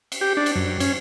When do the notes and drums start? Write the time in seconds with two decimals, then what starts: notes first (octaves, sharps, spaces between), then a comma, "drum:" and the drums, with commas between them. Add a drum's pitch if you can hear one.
0.12 drum: cymbal
0.21 G4
0.37 D4
0.46 drum: cymbal
0.55 F#2
0.80 C#4, drum: cymbal